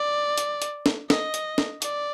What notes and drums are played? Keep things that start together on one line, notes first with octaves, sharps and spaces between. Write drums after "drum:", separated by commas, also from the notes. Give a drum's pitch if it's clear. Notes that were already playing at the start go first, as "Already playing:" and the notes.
Already playing: D5
drum: hi-hat
drum: hi-hat
drum: snare
D#5, drum: snare
drum: hi-hat
drum: snare
D5, drum: hi-hat